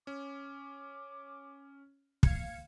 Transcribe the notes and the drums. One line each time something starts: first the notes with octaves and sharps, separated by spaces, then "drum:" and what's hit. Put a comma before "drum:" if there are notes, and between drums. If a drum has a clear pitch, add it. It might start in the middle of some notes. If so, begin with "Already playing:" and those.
C#4 D6
F5 G#6 C#7, drum: kick